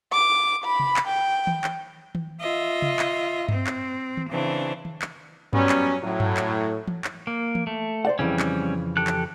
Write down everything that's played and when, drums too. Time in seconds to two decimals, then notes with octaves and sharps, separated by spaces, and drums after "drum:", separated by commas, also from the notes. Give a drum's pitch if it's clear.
0.13 D6
0.65 B5
0.80 drum: tom C3
0.96 drum: clap
1.08 G5
1.47 drum: tom D#3
1.64 drum: clap
2.15 drum: tom D#3
2.39 F4 D#5 E5
2.82 drum: tom C3
2.99 drum: clap
3.48 C4, drum: tom G2
3.67 drum: clap
4.17 drum: tom D#3
4.28 C#3 E3 C4 D4
4.85 drum: tom D#3
5.02 drum: clap
5.53 F#3 G3 B3 C#4, drum: tom G2
5.69 drum: clap
6.03 A2 F#3
6.20 drum: tom G2
6.37 drum: clap
6.87 drum: tom E3
7.04 drum: clap
7.27 A#3
7.55 drum: tom E3
7.67 A3
8.05 C5 D5 F#5
8.19 F2 C#3 E3 G3 C4 C#4
8.39 drum: clap
8.97 G4 A4 F#6
9.07 drum: clap